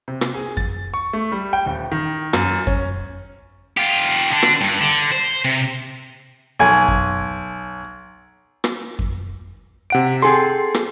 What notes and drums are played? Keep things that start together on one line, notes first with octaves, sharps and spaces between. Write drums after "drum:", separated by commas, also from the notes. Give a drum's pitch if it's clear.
C3
drum: rim click
G#4
A6, drum: kick F2
C#6
A3
G3
G5
D#1
D#3
F#2, drum: rim click
C#4, drum: kick F2
F4 G4
D3 D4
drum: rim click
G2
D3
C5
C3
B1 G#5
drum: kick F2
drum: rim click
drum: kick F2
C3 F#5 D7
C4 G#4 A4 C6
drum: rim click